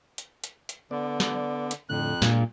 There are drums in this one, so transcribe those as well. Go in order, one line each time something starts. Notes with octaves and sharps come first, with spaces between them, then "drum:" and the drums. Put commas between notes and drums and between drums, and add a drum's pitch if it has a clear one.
drum: hi-hat
drum: hi-hat
drum: hi-hat
D3 B3 D5
drum: snare
drum: hi-hat
F2 A2 D3 F#6
A#2 G#3 D4 F4, drum: snare